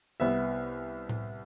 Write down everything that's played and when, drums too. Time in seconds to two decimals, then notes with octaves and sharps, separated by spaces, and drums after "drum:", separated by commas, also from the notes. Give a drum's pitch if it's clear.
0.20 C2 B3 E5
1.09 drum: tom A2